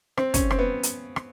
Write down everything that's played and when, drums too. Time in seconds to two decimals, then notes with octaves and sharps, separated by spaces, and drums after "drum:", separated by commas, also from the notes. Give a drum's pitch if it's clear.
0.17 C4, drum: rim click
0.34 C#4, drum: kick, hi-hat
0.51 C4, drum: rim click
0.59 B3
0.83 drum: hi-hat
1.16 drum: rim click